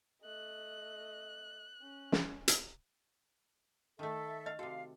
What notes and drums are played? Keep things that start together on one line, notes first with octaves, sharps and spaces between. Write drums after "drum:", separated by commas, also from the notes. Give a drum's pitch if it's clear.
A3 D#5 F#6
C#4
drum: snare
drum: hi-hat
D#3 A3 A4 E5
D#5 F5
C3 F#4 A4 F5